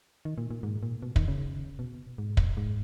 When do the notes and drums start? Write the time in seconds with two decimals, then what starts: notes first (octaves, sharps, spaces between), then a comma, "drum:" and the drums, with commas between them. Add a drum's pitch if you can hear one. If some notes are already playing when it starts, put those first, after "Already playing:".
0.25 D#3
0.38 A#2
0.51 A#2
0.63 G#2
0.83 A#2
1.03 B2
1.16 D#3, drum: kick
1.28 C#3
1.79 B2
2.18 G#2
2.37 drum: kick
2.57 G#2